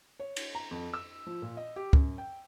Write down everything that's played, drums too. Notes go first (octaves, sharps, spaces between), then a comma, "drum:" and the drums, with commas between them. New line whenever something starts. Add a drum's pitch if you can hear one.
C#5
drum: cymbal
A#5
F2
E6
F3
A#2
D#5
G4
F#2, drum: kick C#2
G5